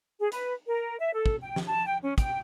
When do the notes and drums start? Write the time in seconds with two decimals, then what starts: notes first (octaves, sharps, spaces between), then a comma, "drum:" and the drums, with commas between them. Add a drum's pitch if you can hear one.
0.19 G#4
0.32 B4, drum: hi-hat
0.66 A#4
0.99 E5
1.14 A4
1.26 drum: kick
1.42 G5
1.56 drum: snare
1.66 A5
1.86 G5
2.03 C#4
2.18 G5, drum: kick, hi-hat